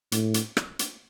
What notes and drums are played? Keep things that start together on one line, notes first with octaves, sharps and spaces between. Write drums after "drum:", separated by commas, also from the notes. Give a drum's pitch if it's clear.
A2, drum: hi-hat
drum: hi-hat
drum: rim click
drum: hi-hat